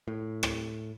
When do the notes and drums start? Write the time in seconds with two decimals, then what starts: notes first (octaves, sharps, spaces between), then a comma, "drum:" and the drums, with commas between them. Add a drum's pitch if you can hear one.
0.08 A2
0.43 drum: rim click